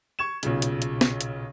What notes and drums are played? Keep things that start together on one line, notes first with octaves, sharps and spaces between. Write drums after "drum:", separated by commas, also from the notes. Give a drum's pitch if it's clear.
C#6 G#6 E7
B1 A#2 C#3, drum: hi-hat
drum: hi-hat
drum: hi-hat
drum: snare
drum: hi-hat